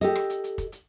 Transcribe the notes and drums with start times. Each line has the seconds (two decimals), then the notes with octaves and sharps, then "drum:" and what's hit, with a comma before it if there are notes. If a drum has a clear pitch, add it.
0.01 G4 A4 D#5, drum: hi-hat
0.15 drum: rim click
0.30 drum: hi-hat
0.44 drum: hi-hat
0.58 drum: kick, hi-hat
0.72 drum: hi-hat